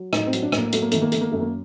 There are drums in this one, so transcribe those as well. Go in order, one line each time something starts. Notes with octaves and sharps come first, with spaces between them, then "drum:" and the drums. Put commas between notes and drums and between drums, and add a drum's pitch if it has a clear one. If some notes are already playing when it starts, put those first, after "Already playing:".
Already playing: F#3
A2 D#4, drum: rim click
C4
F#3, drum: hi-hat
D4
A2 A#3, drum: rim click
F#3 A3, drum: hi-hat
A#3
D#3 A3, drum: hi-hat
A#3
D#3 A3, drum: hi-hat
A#3
F#2 A3
A#3